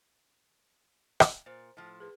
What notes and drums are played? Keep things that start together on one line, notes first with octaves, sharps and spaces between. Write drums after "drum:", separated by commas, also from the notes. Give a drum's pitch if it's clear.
drum: rim click
A#2 C5
A2 F3
G#4 B4